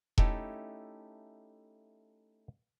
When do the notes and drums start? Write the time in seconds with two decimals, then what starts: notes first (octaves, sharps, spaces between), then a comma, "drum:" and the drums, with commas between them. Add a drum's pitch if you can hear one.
0.18 A3 C#4 D#4 E4 G4 A4, drum: kick E1